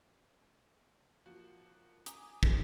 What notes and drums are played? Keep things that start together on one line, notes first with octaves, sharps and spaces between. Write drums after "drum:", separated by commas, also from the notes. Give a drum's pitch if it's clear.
F3 A#3 F#4 A#4
G#5 A#5 D6 D#6, drum: hi-hat
drum: kick